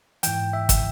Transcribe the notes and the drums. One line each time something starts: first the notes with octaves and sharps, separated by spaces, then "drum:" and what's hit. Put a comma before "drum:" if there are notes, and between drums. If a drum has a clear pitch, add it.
G#2 E3 G5, drum: hi-hat
E5
drum: kick, hi-hat